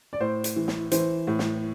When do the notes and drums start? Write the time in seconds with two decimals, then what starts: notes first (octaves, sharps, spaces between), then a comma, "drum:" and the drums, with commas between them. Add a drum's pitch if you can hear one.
0.13 D5
0.20 A2 C5
0.44 drum: hi-hat
0.56 E3
0.68 drum: snare
0.91 E3 C5, drum: hi-hat
1.27 A2
1.39 drum: snare